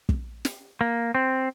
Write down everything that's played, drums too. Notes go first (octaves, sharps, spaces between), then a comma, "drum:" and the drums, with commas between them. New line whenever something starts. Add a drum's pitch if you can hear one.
drum: kick
drum: snare
A#3
C4